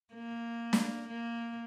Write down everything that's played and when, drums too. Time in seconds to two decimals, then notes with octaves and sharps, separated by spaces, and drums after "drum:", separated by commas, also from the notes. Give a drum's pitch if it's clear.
0.14 A#3
0.73 drum: snare
1.08 A#3